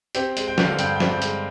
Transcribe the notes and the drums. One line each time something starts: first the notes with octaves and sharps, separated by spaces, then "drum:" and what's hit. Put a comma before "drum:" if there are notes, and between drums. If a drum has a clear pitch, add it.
C4 G4, drum: hi-hat
G#3, drum: hi-hat
G5
D3, drum: snare
F5
G2 G5, drum: hi-hat
G5
C4, drum: snare
G5
G#3, drum: hi-hat